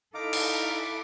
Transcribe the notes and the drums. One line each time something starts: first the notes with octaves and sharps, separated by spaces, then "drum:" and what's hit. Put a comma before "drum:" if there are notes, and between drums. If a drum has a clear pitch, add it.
D#4 E4 A4 F5 A#5 D6
drum: cymbal